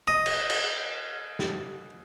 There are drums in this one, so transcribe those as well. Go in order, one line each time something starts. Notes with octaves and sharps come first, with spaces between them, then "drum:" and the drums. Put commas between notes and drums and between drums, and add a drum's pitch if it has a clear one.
D#5 D#6
drum: cymbal
drum: cymbal
drum: snare